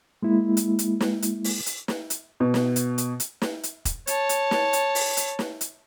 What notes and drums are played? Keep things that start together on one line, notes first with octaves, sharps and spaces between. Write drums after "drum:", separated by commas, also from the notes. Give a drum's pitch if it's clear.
G#3 A#3 E4
drum: hi-hat
drum: hi-hat
drum: snare
drum: hi-hat
drum: open hi-hat
drum: hi-hat
drum: snare
drum: hi-hat
B2
drum: snare
drum: hi-hat
drum: hi-hat
drum: hi-hat
drum: snare
drum: hi-hat
drum: kick E1, hi-hat
C#5 A5, drum: hi-hat
drum: hi-hat
drum: snare
drum: hi-hat
drum: open hi-hat
drum: hi-hat
drum: snare
drum: hi-hat